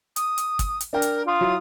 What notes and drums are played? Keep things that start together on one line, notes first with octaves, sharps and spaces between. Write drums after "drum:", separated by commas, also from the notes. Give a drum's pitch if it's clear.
D#6, drum: hi-hat
drum: hi-hat
drum: kick, hi-hat
drum: hi-hat
D4 A#4 G5
drum: hi-hat
F4 D#6
F#3 E4